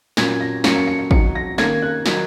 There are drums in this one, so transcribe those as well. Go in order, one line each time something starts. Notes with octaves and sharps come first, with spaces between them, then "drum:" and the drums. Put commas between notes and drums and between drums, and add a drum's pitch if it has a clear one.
A#2 F#3 A#3 C#4 G#6, drum: snare
A#6
F#3 A#3 C#4 C#7, drum: snare
C#7
C#7
C#7
F#3 D#4 C#7, drum: kick
A#6
D#3 A#3 C#4 G#6, drum: snare
F#6
D#3 F#3 D#4, drum: snare